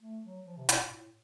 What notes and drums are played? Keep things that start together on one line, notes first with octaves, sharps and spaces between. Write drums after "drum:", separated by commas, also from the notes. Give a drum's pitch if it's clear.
A3
F#3
F3
C3
B2, drum: hi-hat
A#2
A2